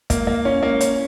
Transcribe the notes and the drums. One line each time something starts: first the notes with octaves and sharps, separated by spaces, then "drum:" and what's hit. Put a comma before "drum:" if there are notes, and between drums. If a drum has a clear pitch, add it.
A#3, drum: kick, hi-hat
A#3
C#4
A#3
C#4, drum: hi-hat